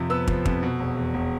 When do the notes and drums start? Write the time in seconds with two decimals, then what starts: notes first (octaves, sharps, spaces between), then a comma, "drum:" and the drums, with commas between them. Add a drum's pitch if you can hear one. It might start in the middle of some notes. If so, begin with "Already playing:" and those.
Already playing: F2 C3 F3
0.10 B3 E6
0.27 F3, drum: kick
0.45 F2, drum: kick
0.63 B2
0.80 E1
0.97 E2
1.14 E1